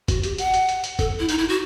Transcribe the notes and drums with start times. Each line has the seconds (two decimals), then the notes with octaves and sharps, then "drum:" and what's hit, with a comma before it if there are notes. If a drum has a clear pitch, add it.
0.08 F#4, drum: kick F1, hi-hat
0.23 G4, drum: hi-hat
0.38 F#5, drum: hi-hat
0.54 drum: hi-hat
0.69 drum: hi-hat
0.84 drum: hi-hat
0.99 A4, drum: kick F1, hi-hat
1.19 E4
1.29 D#4, drum: hi-hat
1.38 E4
1.49 F#4